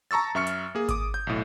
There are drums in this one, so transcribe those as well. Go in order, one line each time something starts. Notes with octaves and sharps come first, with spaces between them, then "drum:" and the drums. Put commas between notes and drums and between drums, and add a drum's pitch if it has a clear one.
A5 A#5 C#6 E6 A6
F#2 E5 C#6 F6 C#7
drum: hi-hat
A#3 G#4
D6 D#6, drum: kick G#1, hi-hat
G6
B1 A2